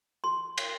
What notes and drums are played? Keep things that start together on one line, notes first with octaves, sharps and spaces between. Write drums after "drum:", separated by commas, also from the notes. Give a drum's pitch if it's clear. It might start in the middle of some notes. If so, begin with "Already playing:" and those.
C6
drum: cymbal